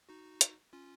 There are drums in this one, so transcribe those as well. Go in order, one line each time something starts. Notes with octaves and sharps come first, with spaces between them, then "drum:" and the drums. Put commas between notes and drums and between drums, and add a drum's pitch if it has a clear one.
D#4 F#4
drum: hi-hat
C#4 F4